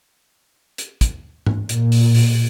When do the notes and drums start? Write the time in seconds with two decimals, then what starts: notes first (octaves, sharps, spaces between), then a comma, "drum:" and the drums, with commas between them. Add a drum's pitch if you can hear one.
0.78 drum: hi-hat
1.01 drum: kick, hi-hat
1.46 drum: tom G#2
1.69 A#2, drum: hi-hat
1.92 drum: open hi-hat
2.15 drum: open hi-hat